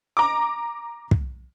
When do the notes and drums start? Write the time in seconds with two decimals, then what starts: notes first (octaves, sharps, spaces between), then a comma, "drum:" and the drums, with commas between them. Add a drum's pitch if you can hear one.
0.17 A#5 D6
1.11 drum: kick